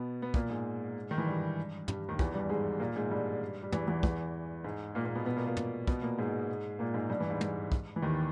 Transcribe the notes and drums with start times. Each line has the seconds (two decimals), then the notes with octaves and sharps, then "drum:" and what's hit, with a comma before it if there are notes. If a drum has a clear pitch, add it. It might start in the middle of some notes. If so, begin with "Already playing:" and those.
Already playing: B2 B3
0.22 B3
0.34 A#2 A#3, drum: kick
0.50 G#2 G#3
1.11 D#3
1.18 E3
1.26 G2 G3
1.88 G2 G3, drum: tom
2.09 D#2 D#3
2.19 E2 E3, drum: kick
2.34 G2 G3
2.49 G#2 G#3
2.80 A#2 A#3
2.96 G#2 G#3
3.11 G2 G3
3.62 G3
3.72 E2 E3, drum: tom
3.87 E2 E3
4.03 E2 E3, drum: kick
4.64 G#2 G#3
4.95 A#2 A#3
5.05 A#2 A#3
5.15 B2 B3
5.25 B2 B3
5.36 A#2 A#3
5.47 A#2 A#3
5.57 drum: tom
5.87 B2 B3, drum: kick
6.02 A#2 A#3
6.18 G#2 G#3
6.79 A#2 A#3
6.94 G#2 G#3
7.10 G2 G3
7.20 E2 E3
7.30 G#2
7.41 drum: tom
7.72 drum: kick
7.96 E3
8.02 D#2 D#3